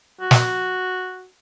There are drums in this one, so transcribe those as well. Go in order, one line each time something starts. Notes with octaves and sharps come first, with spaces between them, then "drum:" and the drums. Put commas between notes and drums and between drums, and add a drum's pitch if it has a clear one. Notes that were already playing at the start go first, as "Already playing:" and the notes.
F#4
drum: snare